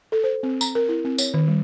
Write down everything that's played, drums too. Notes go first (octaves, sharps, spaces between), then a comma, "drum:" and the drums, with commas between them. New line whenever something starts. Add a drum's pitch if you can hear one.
A4
C5
C4
A#5, drum: tambourine
A#4
E4
C4
C#5, drum: tambourine
D#3
G3